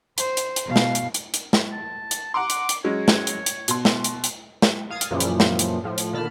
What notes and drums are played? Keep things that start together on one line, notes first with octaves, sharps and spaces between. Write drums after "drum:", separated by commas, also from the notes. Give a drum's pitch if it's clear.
C5, drum: hi-hat
drum: hi-hat
drum: hi-hat
B2 F5
drum: snare
drum: hi-hat
drum: hi-hat
drum: hi-hat
drum: snare
A5
drum: hi-hat
F#5 A#5 C6 D6
drum: hi-hat
drum: hi-hat
F#3 G#3 C#4 C#5
drum: snare
drum: hi-hat
drum: hi-hat
B2 C6, drum: hi-hat
drum: snare
drum: hi-hat
drum: hi-hat
drum: snare
F5 D#6 G#6 A6
drum: hi-hat
F#2 A#2 C#3 E3 F3
drum: hi-hat
drum: snare
drum: hi-hat
A2 F3
drum: hi-hat
A#2 D3 D#3 A5 B5 F6